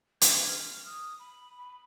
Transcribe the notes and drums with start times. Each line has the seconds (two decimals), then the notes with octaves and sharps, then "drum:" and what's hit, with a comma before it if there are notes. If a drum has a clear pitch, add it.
0.21 G#6, drum: hi-hat
0.48 F6
0.86 D#6
1.19 B5
1.58 B5